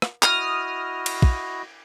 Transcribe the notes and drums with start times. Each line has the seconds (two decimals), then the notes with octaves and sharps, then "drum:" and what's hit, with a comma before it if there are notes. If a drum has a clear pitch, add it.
0.02 drum: rim click
0.23 E4 F#4 D#5 D#6 F6, drum: clap
1.06 drum: cymbal
1.22 drum: kick